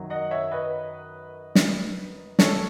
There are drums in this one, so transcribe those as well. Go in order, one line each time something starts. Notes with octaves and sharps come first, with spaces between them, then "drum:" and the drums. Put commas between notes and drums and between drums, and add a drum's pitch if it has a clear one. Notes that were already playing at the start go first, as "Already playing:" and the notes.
Already playing: F#2 D#3 F#3
D#5 F#5
C#5 E5
B4 D#5
drum: snare
A4 C#5, drum: snare